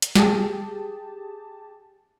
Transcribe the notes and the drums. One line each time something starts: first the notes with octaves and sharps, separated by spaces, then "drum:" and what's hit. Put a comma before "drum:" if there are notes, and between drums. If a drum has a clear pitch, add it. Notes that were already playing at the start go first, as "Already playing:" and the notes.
drum: hi-hat
G4 G#4 A5, drum: snare